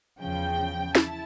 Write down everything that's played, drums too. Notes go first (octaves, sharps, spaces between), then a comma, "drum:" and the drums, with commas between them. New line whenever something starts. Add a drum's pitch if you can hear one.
E2 C#3 F3 G5
E4 A5, drum: snare